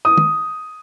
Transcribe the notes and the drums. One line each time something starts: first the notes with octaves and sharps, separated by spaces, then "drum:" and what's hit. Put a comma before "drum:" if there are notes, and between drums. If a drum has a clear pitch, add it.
D#6
drum: tom